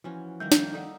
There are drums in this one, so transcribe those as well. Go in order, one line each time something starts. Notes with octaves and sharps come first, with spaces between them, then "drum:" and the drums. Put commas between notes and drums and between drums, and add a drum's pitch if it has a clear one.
E3 F3 C#4 F#4
D#3 G3 A#3 A#4 G6
drum: snare
D#4 A4 D5 E5 F#5